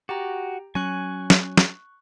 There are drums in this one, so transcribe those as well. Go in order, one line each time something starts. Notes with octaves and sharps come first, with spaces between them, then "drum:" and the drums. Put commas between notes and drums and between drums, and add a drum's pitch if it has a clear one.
F#4 G4 G5 A#5
F#3 C#4 G#5 C#6 F#6
drum: snare
drum: snare